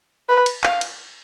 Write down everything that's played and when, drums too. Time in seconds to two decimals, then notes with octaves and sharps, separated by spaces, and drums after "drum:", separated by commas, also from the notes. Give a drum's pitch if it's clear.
0.29 B4
0.46 drum: cymbal
0.64 F5, drum: clap
0.81 drum: cymbal